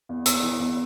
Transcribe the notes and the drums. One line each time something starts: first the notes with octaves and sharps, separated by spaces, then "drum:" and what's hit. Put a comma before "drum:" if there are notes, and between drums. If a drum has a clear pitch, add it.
E2
E2 E6, drum: hi-hat
E3
E2